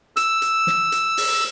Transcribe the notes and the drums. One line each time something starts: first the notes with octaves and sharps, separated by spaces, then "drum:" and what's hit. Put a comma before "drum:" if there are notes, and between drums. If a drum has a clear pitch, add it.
E6, drum: hi-hat
drum: hi-hat
drum: snare
drum: hi-hat
drum: open hi-hat